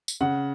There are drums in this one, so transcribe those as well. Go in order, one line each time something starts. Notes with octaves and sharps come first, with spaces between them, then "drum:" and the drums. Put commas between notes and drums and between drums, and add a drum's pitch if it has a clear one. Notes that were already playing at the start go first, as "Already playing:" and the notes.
drum: tambourine
C#3 F#5